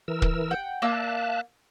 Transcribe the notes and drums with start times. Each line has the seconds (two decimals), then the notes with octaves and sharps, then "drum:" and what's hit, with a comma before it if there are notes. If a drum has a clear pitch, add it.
0.08 E3 A#4 E6
0.22 drum: kick
0.51 F#5 G5
0.82 A#3 D5 E5 A5 E6 F#6